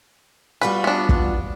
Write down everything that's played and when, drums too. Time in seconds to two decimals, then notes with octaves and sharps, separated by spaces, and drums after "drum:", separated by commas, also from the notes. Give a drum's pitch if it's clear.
0.61 G3 F4 F#4 B4
0.84 B3 D4
1.09 drum: kick